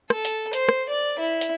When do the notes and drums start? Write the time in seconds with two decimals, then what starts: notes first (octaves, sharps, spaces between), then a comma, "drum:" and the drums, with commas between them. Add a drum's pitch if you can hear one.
0.10 A4, drum: rim click
0.25 drum: hi-hat
0.53 C5, drum: hi-hat
0.69 drum: rim click
0.89 D5
1.19 E4
1.41 drum: hi-hat